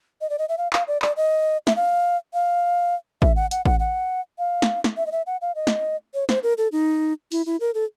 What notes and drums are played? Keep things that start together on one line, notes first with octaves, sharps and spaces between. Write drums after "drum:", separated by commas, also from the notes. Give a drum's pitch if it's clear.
D#5
D5
D#5
E5
F5
F5, drum: clap
D5
D5, drum: clap
D#5
E5, drum: snare
F5
F5
E5, drum: kick A1
F#5
F#5, drum: hi-hat
F#5, drum: kick A1
F#5
F5
drum: snare
drum: snare
E5
D#5
E5
F#5
F5
D#5
drum: snare
C#5
C5, drum: snare
A#4
A4
D#4
E4, drum: open hi-hat
E4
A#4
A4